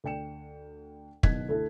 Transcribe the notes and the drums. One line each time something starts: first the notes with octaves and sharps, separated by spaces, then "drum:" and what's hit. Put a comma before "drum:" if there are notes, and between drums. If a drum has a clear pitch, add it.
D2 D5 G5 C#7 E7
F#1 B2 D#3 F#6 G#6 B6, drum: kick
D2 A3 E4 A4